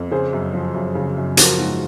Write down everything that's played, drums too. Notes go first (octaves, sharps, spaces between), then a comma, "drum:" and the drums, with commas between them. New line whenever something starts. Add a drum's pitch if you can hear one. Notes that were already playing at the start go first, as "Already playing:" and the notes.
Already playing: F2
C#3 G#4 C5
F#2
F3
F#2
C#3
F#2
F3 F#4 A#4, drum: hi-hat
G#2 F#4